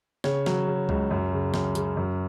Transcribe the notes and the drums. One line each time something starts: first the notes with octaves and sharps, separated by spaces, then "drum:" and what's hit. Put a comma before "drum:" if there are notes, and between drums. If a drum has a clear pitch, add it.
C#3 C#5, drum: snare
F#3, drum: snare
C#3
C#2, drum: kick C#2
F#2
C#3
F#2, drum: snare
C#3, drum: hi-hat
F#2